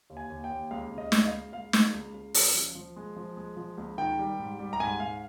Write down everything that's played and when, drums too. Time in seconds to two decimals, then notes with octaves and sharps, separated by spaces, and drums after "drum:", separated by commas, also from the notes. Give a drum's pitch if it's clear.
0.10 D#2
0.17 G#5
0.30 D#2
0.44 G5
0.50 D#2
0.71 C#2 F5
0.92 C#3
0.98 D#5
1.12 C#2, drum: snare
1.19 D#5
1.26 F5
1.32 C#2
1.53 C#2 F5
1.73 C#2, drum: snare
1.94 C#2
2.14 C#2
2.34 C#3, drum: open hi-hat
2.55 F3
2.75 F3
2.96 G#3
3.16 F3
3.37 G#3
3.57 F3
3.78 C#2
3.98 D#3 G5
4.19 G3
4.39 G#2
4.59 G3
4.73 A#5
4.80 G#2 G#5
5.00 G#2 F5